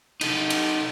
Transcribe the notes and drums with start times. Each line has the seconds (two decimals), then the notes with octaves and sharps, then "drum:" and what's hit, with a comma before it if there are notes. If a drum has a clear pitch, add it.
0.21 D#4 A4, drum: cymbal
0.50 drum: cymbal